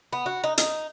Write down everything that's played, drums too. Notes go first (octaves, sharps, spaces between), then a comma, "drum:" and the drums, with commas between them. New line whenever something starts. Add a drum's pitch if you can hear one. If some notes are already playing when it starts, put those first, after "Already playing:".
B3
F#4
D#4
D#4, drum: hi-hat